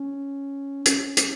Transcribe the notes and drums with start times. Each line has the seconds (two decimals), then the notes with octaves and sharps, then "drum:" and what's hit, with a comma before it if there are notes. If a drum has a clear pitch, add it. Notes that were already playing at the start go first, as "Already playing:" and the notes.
Already playing: C#4
0.86 C#4, drum: hi-hat
1.17 drum: hi-hat